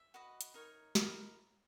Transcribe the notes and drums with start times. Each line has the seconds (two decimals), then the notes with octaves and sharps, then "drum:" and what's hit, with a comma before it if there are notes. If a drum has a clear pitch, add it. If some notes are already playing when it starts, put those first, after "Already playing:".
Already playing: E5
0.14 F#4 B4 D#5
0.41 drum: hi-hat
0.54 D#4 A#4 C#5
0.95 E4 A#4 D#5, drum: snare